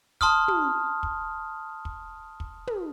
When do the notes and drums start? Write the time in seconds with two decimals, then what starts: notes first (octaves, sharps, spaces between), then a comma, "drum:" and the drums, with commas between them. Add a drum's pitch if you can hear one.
0.21 A5 C6 D#6 F6, drum: kick
0.48 drum: tom
1.03 drum: kick
1.85 drum: kick
2.40 drum: kick
2.67 drum: tom